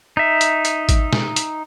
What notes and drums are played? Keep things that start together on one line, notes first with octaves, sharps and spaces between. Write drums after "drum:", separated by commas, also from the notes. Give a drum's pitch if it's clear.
D#4 E5
drum: hi-hat
drum: hi-hat
drum: kick G#1, hi-hat
drum: snare
drum: hi-hat